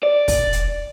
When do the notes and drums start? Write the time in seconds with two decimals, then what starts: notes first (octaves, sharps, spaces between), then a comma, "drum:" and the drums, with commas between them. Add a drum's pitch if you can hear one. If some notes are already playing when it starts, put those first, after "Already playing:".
0.03 D5
0.28 drum: kick, open hi-hat
0.53 drum: hi-hat